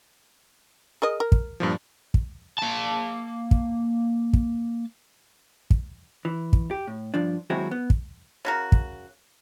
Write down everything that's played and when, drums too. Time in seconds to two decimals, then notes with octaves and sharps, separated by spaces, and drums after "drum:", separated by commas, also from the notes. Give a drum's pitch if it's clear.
1.02 G#4 A#4 D#5
1.20 A#4
1.32 drum: kick
1.60 G2 A#2 F3
2.14 drum: kick
2.59 A#3 A5
3.51 drum: kick
4.33 drum: kick
5.70 drum: kick
6.25 E3
6.53 drum: kick
6.71 G4
6.87 A2
7.14 G2 F3 D4
7.50 D#2 F#3 G#3 C4 E4 F#4
7.71 B3
7.90 drum: kick
8.45 C#3 F#4 A#4
8.72 drum: kick